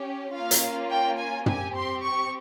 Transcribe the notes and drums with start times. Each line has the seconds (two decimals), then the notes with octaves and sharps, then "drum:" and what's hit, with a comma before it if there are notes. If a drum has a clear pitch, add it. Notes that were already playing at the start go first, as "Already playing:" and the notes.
Already playing: C#4 G4
0.34 A#3 C#4 F4 F5
0.51 drum: hi-hat
0.91 G5
1.19 G#5
1.46 C4 G4 G#5, drum: tom
1.75 C6
2.03 C#6